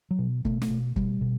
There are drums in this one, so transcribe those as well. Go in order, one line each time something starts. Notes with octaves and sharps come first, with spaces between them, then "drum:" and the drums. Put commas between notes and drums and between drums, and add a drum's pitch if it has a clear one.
F#3
B2
B2 A3, drum: kick
A3, drum: snare
B2
B2 G3, drum: kick
B2